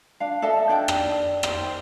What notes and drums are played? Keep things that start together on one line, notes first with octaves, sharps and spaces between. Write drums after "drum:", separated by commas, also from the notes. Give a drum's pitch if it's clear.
D4 F5
A4 D#5 E5 A5
D4 D5 G5
drum: rim click
C5 G5, drum: rim click